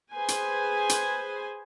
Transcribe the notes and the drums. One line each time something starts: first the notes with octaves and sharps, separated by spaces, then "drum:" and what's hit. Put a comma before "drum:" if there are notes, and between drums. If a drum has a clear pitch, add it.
G#4 B4 C5 G#5
drum: hi-hat
drum: hi-hat